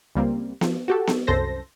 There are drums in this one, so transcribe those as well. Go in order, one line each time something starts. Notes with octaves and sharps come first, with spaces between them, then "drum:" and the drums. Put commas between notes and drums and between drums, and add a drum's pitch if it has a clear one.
C#2 G3 A#3 C4
F3, drum: snare B3
F#4 G4 A4
drum: snare B3
C2 F#2 A4 C5 A#6